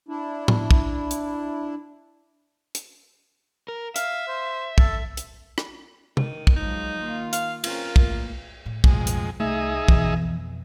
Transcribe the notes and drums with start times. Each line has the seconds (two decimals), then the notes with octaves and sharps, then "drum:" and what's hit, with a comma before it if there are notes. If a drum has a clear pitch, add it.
0.09 D4 E4
0.48 drum: tom A2
0.71 drum: kick
1.11 drum: hi-hat
2.75 drum: hi-hat
3.68 A#4
3.96 E5 F5, drum: hi-hat
4.28 C5
4.78 A4, drum: kick
5.17 drum: hi-hat
5.58 drum: rim click
6.17 D#3, drum: tom C3
6.47 drum: kick
6.56 F3 F#3 G#3 D#4
7.03 D#3 A#3 F4
7.33 F5, drum: hi-hat
7.64 C4 C#4 F4 A#4, drum: cymbal
7.96 A2 A#3, drum: kick
8.66 A2
8.84 B1 F2 A2 G#3, drum: kick
9.07 drum: hi-hat
9.40 C2 A3 D#4 G#4 E5
9.88 F2 B2 E3, drum: kick